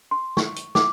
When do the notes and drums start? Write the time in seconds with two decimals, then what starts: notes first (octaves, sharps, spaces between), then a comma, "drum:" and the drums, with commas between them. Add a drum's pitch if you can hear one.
0.11 C6
0.37 C#6, drum: snare
0.56 drum: hi-hat
0.75 D6, drum: snare